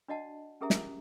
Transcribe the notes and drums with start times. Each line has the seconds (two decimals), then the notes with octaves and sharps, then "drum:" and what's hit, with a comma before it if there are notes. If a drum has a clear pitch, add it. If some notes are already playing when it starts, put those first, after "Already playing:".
0.08 D4 F#4 D5 D#5 F#5 A5
0.61 C#4 G4 G#4 A#4 E5 A#5
0.70 drum: snare